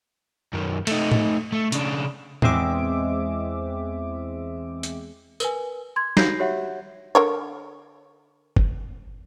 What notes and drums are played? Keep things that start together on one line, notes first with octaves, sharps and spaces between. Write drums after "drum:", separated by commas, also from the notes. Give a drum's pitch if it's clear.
F#2 D#3
A3 D#4, drum: cymbal
drum: tom A2
A3
C#3 D4, drum: hi-hat
E2 G#3 C4 E5 D6, drum: tom A2
drum: hi-hat
A#4 B4 G#5, drum: tambourine
C6 G#6
D#4 F#4 G6 A#6 C7, drum: snare
F#4 G4 C#5 E5 F#5
D3 A#4 C#5
drum: kick F#1